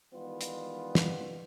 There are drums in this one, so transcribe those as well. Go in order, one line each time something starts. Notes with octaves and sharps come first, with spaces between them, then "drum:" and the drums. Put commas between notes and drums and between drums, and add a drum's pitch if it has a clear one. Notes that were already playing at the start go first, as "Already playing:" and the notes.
D#3 E3 G3 G#3 B3 F4
drum: hi-hat
drum: snare